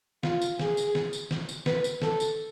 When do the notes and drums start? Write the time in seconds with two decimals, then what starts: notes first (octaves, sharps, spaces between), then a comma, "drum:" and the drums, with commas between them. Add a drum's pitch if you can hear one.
0.23 F4, drum: snare
0.41 drum: tambourine
0.59 G#4, drum: snare
0.77 drum: tambourine
0.95 drum: snare
1.13 drum: tambourine
1.31 drum: snare
1.49 drum: tambourine
1.66 B4, drum: snare
1.84 drum: tambourine
2.02 A4, drum: snare
2.20 drum: tambourine